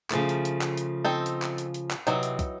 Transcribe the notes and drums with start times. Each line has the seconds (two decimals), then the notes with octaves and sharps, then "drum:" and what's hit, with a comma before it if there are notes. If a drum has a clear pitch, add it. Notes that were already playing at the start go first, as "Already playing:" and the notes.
0.10 C#3 F3 A3, drum: clap
0.29 drum: hi-hat
0.45 drum: hi-hat
0.61 drum: clap
0.77 drum: hi-hat
1.05 C4 D#4 A4
1.26 drum: hi-hat
1.42 drum: clap
1.58 drum: hi-hat
1.74 drum: hi-hat
1.91 drum: clap
2.07 C3 E3 F#3 D#4, drum: hi-hat
2.23 drum: hi-hat
2.39 drum: kick, hi-hat